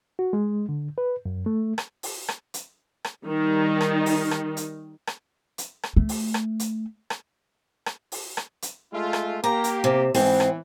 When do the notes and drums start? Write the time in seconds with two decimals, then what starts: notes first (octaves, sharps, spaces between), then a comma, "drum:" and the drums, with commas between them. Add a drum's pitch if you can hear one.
0.19 F#4
0.33 G#3
0.69 D3
0.98 B4
1.25 F#2
1.46 A3
1.78 drum: rim click
2.03 drum: open hi-hat
2.28 drum: rim click
2.54 drum: hi-hat
3.05 drum: rim click
3.26 D#3 G3 D#4
3.81 drum: rim click
4.06 drum: open hi-hat
4.31 drum: rim click
4.57 drum: hi-hat
5.07 drum: rim click
5.58 drum: hi-hat
5.83 drum: rim click
5.96 A3
6.09 drum: open hi-hat
6.34 drum: rim click
6.60 drum: hi-hat
7.10 drum: rim click
7.86 drum: rim click
8.12 drum: open hi-hat
8.37 drum: rim click
8.62 drum: hi-hat
8.93 G#3 A3 F4
9.13 drum: rim click
9.44 A#3 G4 A#5
9.64 drum: hi-hat
9.84 C3
10.15 G#2 E3 C4, drum: open hi-hat
10.40 drum: rim click